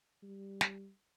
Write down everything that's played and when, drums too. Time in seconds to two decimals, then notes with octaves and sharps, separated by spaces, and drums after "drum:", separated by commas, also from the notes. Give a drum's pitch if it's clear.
0.23 G3
0.61 drum: snare